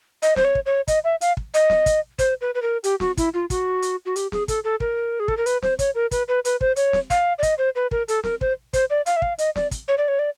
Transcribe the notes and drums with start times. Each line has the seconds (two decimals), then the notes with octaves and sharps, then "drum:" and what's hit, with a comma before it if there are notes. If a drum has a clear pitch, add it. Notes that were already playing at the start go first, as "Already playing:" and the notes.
0.22 D#5, drum: hi-hat
0.36 C5, drum: snare
0.44 C#5
0.55 drum: kick
0.66 C#5
0.88 D#5, drum: kick, hi-hat
1.04 E5
1.21 F5, drum: hi-hat
1.37 drum: kick
1.54 D#5, drum: hi-hat
1.70 drum: snare
1.86 drum: kick, hi-hat
2.19 C5, drum: kick, hi-hat
2.41 B4
2.55 B4
2.62 A#4
2.84 G4, drum: hi-hat
3.00 F#4, drum: snare
3.17 E4, drum: kick, hi-hat
3.34 F4
3.50 F#4, drum: kick, hi-hat
3.82 drum: hi-hat
4.06 F#4
4.16 G4, drum: hi-hat
4.32 G#4, drum: snare
4.48 A4, drum: kick, hi-hat
4.64 A4
4.80 A#4, drum: kick
5.20 G#4
5.28 A4, drum: kick
5.37 A#4
5.46 B4, drum: hi-hat
5.62 C5, drum: snare
5.79 C#5, drum: kick, hi-hat
5.95 A#4
6.11 B4, drum: kick, hi-hat
6.28 B4
6.45 B4, drum: hi-hat
6.61 C5, drum: kick
6.76 C#5, drum: hi-hat
6.93 drum: snare
7.10 F5, drum: kick, hi-hat
7.38 D5
7.43 D#5, drum: kick, hi-hat
7.58 C5
7.75 B4
7.91 A#4, drum: kick
8.08 A4, drum: hi-hat
8.24 A#4, drum: snare
8.41 C5, drum: kick
8.73 C5, drum: kick, hi-hat
8.90 D5
9.06 F5, drum: hi-hat
9.16 E5
9.22 F5, drum: kick
9.38 D#5, drum: hi-hat
9.56 D5, drum: snare
9.71 drum: kick, hi-hat
9.88 C#5
9.98 D5
10.08 C#5
10.19 D5